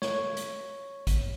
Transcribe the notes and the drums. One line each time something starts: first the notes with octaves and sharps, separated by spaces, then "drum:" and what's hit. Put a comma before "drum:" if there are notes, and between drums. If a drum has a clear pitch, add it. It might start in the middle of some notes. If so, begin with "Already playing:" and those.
C#5, drum: snare
drum: hi-hat
drum: kick, hi-hat